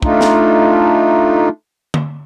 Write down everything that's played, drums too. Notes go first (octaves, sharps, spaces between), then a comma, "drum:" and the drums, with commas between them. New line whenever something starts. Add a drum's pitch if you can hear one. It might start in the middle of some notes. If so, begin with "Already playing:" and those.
A3 D4 D#4 F4, drum: kick
drum: snare
drum: tom